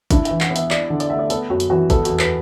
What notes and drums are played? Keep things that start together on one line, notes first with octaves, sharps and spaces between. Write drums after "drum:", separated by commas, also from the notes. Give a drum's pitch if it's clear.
D4 E4, drum: kick G1, hi-hat
E5, drum: hi-hat
E3
F#5, drum: clap
B3
E5, drum: hi-hat
E4 D5, drum: clap
D3
D5, drum: hi-hat
A3 E5
D5
B3 A4, drum: hi-hat
F#2 F#4
drum: hi-hat
E3 F#4
B3 A4, drum: kick G1, hi-hat
F#4, drum: hi-hat
E2
B4, drum: clap